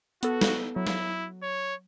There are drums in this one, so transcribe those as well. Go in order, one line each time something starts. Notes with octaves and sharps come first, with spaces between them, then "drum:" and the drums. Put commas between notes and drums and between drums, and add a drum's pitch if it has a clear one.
B3 F#4 A4, drum: hi-hat
drum: snare
F#3 E4
drum: snare
C#5